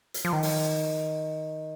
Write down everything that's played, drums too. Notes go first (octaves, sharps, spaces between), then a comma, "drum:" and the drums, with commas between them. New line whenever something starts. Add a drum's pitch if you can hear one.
drum: hi-hat
F3
D#3
drum: open hi-hat